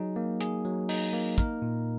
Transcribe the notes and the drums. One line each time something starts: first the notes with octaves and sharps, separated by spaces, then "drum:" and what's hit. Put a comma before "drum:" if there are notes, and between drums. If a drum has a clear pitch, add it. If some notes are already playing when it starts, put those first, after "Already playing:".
Already playing: F#3 D#4 G#4
A#3
G#4, drum: hi-hat
F#3
D#4, drum: open hi-hat
A#3
A#4, drum: kick, hi-hat
A#2